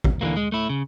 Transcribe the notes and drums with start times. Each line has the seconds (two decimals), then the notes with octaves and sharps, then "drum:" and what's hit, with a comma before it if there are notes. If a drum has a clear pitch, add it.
0.04 drum: kick
0.21 D3 E3 F#3 A#3
0.37 G#3
0.52 A3 E4
0.69 C#3